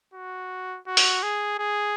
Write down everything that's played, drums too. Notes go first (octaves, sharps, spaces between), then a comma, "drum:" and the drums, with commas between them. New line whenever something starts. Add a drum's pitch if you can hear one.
F#4
F#4
drum: open hi-hat
G#4
G#4